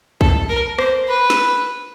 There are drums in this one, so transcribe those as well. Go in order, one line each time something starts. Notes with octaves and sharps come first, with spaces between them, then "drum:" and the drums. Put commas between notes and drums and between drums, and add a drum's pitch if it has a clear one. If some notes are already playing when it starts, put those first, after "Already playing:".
A4, drum: kick
A#4
C5, drum: rim click
B4
drum: snare